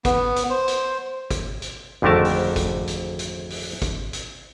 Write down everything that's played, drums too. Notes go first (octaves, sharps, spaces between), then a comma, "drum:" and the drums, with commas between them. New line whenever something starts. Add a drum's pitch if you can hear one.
B3, drum: kick, hi-hat
drum: hi-hat
C5
drum: hi-hat
drum: kick, hi-hat
drum: hi-hat
G#1 F2 D3 A3 A#4 A5
drum: open hi-hat
drum: kick, hi-hat
drum: hi-hat
drum: hi-hat
drum: open hi-hat
drum: kick, hi-hat
drum: hi-hat